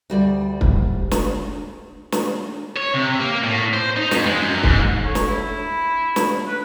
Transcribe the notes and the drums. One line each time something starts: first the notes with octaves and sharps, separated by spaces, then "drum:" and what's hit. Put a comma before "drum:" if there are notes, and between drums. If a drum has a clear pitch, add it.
D2 G3 D5
drum: kick
drum: snare
drum: snare
C#5
C3
A#3
A2
C5
D#4
F2, drum: snare
G#3
F#2
G#2, drum: kick
A4 C#5
drum: snare
E4
B5
drum: snare
B4